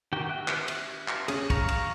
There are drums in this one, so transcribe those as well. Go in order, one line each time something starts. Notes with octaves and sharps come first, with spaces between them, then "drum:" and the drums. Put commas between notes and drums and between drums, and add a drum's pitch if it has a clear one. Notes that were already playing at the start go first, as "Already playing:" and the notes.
D#3 F#4 G4 G5
E5 F#6
drum: clap
drum: cymbal
drum: clap
C#4 G#4, drum: cymbal
F5 A#5 C#6, drum: kick, cymbal
drum: cymbal